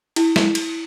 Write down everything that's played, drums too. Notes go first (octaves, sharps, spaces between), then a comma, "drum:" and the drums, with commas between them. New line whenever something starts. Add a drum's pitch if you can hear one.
E4, drum: cymbal
drum: snare
drum: cymbal